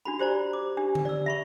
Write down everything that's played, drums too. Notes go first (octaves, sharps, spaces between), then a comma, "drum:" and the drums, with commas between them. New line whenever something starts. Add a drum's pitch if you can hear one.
D4 F#4 B5
G4 C5 D5 A#5
D6
D4 G4
drum: tom D3
D5 E6
E5 B5 C#6